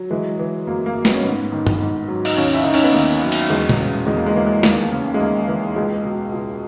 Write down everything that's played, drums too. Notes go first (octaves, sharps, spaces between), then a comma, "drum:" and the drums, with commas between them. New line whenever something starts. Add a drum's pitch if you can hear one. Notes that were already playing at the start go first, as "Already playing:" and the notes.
Already playing: F#3
E3 G#3
E3
F#2 A#3
A#3
F#2
B3, drum: snare
C#4
G#2 B3
D#3
drum: tom G2
G#2
F#3
D#4, drum: cymbal
D#2 C#4
E4
D#3 D#4
C#4, drum: cymbal
B3
D#2 A#3
F#3
drum: cymbal
E2 G#3
drum: tom A#2
C#3
E2 G#3
A#3
G#3
E3 A#3
G#3
D#2 A#3, drum: snare
C#3
G#3
D#2 A#3
E3
C#2 G#3
B2
C#2